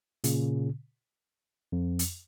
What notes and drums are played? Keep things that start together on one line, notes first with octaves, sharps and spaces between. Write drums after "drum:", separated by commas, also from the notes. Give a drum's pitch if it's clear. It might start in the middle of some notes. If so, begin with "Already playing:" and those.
A#2 C#3, drum: hi-hat
F2
drum: hi-hat